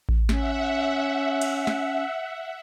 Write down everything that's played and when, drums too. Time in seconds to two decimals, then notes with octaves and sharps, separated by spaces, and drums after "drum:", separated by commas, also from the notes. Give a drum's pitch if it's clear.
0.09 drum: kick A1
0.29 C#4 E5 F#5, drum: snare
1.41 drum: cymbal
1.67 drum: snare